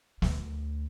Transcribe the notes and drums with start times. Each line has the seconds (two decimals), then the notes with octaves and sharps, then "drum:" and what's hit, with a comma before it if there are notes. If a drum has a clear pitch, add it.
0.22 D2, drum: snare